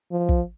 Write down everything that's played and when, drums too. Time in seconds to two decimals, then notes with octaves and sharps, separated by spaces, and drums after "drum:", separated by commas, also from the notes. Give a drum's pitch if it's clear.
0.11 F3
0.29 drum: kick